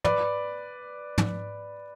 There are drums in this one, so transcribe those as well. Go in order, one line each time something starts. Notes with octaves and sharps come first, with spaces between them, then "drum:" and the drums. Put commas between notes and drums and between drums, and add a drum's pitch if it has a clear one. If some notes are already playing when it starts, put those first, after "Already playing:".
B4 D5, drum: tom
drum: tom